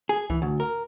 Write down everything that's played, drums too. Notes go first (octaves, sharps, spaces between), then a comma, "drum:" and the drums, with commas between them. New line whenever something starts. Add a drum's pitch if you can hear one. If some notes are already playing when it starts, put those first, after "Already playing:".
G#4
E3, drum: kick C#2
D2
A#4